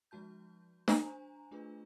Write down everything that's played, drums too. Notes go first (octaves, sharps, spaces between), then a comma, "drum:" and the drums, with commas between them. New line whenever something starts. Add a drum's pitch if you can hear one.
F3 G#3 F#4 A5 G6
drum: snare
D4 C5 G#5 A#5
A3 D4 F4 G#4 B4